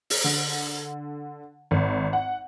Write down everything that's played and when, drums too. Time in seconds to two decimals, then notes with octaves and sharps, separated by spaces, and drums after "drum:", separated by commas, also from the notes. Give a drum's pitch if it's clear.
0.10 drum: open hi-hat
0.24 D3
1.71 G#1
2.13 F#5